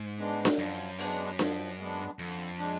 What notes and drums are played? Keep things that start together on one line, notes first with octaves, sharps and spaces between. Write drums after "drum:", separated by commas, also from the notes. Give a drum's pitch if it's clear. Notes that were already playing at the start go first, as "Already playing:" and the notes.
Already playing: G#2
G#3 B3 D4
drum: snare D4
F#2 F3
G#3 B3 D4, drum: open hi-hat
F3, drum: snare D4
G#3 B3 D4
F2 D3
G#3 D4